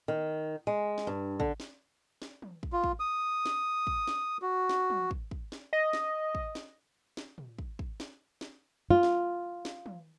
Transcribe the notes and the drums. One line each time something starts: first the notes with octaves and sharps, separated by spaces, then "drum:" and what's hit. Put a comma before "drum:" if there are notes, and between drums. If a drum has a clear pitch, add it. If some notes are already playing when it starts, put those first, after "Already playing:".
D#3
G#3
drum: snare
G2
D3, drum: kick
drum: snare
drum: snare
drum: tom
drum: kick
F4
drum: kick
D#6
drum: snare
drum: kick
drum: snare
F#4
drum: snare
drum: tom
drum: kick
drum: kick
drum: snare
D#5
drum: snare
drum: kick
drum: snare
drum: snare
drum: tom
drum: kick
drum: kick
drum: snare
drum: snare
F4
drum: snare
drum: snare
drum: tom